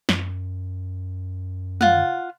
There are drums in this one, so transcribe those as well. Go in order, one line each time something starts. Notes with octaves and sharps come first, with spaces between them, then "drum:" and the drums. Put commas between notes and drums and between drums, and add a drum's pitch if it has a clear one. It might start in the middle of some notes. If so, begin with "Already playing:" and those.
F#2, drum: snare
F4 F#5, drum: tom